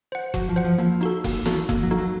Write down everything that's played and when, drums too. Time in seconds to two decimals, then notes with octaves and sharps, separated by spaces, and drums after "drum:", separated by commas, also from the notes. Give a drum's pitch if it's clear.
0.12 C5 F#5
0.34 F#3 F#4, drum: kick F1, hi-hat
0.49 F3
0.56 C5 F#5, drum: hi-hat
0.64 F3
0.78 F3 A#3, drum: hi-hat
1.01 D#4 F#4 A4, drum: hi-hat
1.24 A#3, drum: kick F1, open hi-hat
1.46 D#4 F#4 A4, drum: snare
1.69 D#3 A#3, drum: kick F1, hi-hat
1.83 F#3
1.91 D#4 F#4 A4, drum: hi-hat
1.98 F#3